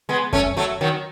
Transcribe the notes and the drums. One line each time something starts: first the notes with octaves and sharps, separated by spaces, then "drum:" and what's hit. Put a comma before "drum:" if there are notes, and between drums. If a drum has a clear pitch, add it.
G#3 B3
A3 C#4, drum: kick F#2
F#3 A3
D#3 F#3